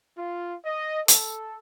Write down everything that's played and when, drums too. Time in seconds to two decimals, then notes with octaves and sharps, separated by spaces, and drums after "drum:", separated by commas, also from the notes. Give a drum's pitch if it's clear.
0.18 F4
0.65 D#5
1.08 A4, drum: hi-hat